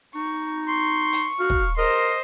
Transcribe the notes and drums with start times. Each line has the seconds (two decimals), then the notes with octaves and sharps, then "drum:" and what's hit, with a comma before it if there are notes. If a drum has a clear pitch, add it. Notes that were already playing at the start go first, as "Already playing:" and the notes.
0.15 D#4 C#6
0.68 C6 C#6
1.13 drum: hi-hat
1.40 F#4 F5
1.50 drum: kick
1.78 A#4 C5 D#5 C6